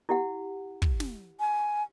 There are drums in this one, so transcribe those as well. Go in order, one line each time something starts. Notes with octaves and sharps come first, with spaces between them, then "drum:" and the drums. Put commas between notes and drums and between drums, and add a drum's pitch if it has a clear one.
E4 G4 F#5
drum: kick
drum: snare
G#5